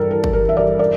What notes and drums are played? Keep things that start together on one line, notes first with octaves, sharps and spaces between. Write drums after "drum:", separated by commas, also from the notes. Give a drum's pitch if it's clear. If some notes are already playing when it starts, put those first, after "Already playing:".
Already playing: G2 E3 G3 A4 A#4
A#4
drum: kick G1
A#4
E5
A#4 D5
A#4 D5